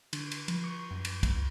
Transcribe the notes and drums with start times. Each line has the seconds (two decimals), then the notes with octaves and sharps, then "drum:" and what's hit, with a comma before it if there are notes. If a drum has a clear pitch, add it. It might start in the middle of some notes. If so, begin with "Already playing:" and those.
0.13 D3, drum: cymbal
0.32 drum: cymbal
0.48 F3, drum: cymbal
0.64 C#6
0.91 F#2
1.05 drum: cymbal
1.23 C#2, drum: kick, cymbal